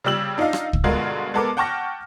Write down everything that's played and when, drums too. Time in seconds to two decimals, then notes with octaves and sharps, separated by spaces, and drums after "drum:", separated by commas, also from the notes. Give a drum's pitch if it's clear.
0.04 C#3 G3 G4 E6 F#7
0.38 D4 D#4 F4 D#5 F5
0.53 drum: rim click
0.73 drum: kick
0.84 G2 B2 D3 G#3 F4 A#4
1.34 G#3 B3 A4 A#4 D6
1.57 F#5 G5 A5 C#6 F6 A#6